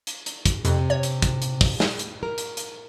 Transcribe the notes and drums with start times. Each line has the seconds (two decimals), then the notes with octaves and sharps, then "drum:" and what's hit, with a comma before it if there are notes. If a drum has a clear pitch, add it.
0.07 drum: hi-hat
0.26 drum: hi-hat
0.45 drum: kick, hi-hat
0.65 F2 C3, drum: hi-hat
0.90 C#5
1.03 drum: hi-hat
1.22 drum: kick, hi-hat
1.42 drum: hi-hat
1.61 drum: kick, open hi-hat
1.80 drum: snare
1.99 drum: hi-hat
2.23 A#4
2.38 drum: hi-hat
2.57 drum: hi-hat